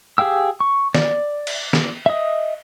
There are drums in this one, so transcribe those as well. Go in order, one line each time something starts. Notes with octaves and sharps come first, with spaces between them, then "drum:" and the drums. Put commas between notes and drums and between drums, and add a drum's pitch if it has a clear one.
G4 G#4 F5 G5 E6
C#6
D5, drum: snare
drum: cymbal
drum: snare
D#5 E5